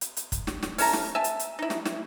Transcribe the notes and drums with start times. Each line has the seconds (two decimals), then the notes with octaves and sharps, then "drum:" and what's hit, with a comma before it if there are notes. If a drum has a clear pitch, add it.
0.01 drum: hi-hat
0.17 drum: hi-hat
0.32 drum: kick, hi-hat
0.47 drum: snare
0.63 drum: snare
0.78 C#4 E4 A4 A#5, drum: open hi-hat
0.93 drum: snare
1.15 E5 G#5 A5
1.24 drum: hi-hat
1.39 drum: hi-hat
1.59 D#4 E4
1.70 drum: snare
1.86 E4, drum: snare